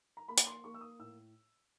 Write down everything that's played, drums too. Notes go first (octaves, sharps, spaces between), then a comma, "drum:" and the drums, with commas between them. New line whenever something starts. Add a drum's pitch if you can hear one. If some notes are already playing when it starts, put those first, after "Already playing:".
A#5
A#3 B5
drum: hi-hat
C6
A#3 C#6
E6
D#6
A2 E6